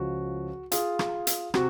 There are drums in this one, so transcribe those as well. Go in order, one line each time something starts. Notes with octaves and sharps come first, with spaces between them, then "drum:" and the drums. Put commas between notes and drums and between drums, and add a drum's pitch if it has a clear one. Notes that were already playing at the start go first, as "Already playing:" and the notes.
Already playing: C#2 C#3 F3 F#4
F4 G#4, drum: hi-hat
drum: rim click
drum: hi-hat
C3 F#4, drum: rim click